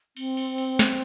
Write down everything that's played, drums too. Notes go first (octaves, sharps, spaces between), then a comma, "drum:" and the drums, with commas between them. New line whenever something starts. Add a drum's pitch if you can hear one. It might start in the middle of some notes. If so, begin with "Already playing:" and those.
C4, drum: cymbal
drum: cymbal
drum: cymbal
drum: snare